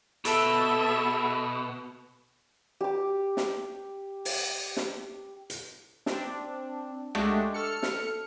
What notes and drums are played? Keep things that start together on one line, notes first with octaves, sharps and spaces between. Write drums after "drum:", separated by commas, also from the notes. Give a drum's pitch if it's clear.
B2 A4 E5, drum: hi-hat
G4 D6
drum: snare
drum: open hi-hat
drum: snare
drum: hi-hat
C4 D4, drum: snare
G#3 A3 D4 F#4 G4, drum: rim click
A4 F6 C#7
drum: snare